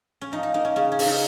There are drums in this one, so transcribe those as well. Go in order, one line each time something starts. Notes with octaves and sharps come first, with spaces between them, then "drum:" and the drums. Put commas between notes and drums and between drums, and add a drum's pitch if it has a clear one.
C#4
F3 D#4
D#4
A#3 D#4
C#4
C#3 C#4
C#4
C#3, drum: open hi-hat
D#4